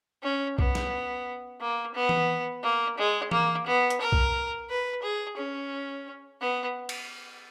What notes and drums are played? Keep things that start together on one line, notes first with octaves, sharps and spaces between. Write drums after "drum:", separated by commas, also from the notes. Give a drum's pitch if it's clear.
C#4
B3, drum: kick B1
drum: snare
A#3
B3
drum: tom E3
A#3
G#3
A#3, drum: tom E3
B3
drum: hi-hat
A#4
drum: kick B1
B4
G#4
C#4
B3
drum: cymbal